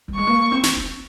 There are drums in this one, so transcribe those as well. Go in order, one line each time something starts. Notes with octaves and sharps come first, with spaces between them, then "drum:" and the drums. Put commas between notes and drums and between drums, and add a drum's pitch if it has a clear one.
G3
G#3 C#6
A#3
C4
drum: snare
C4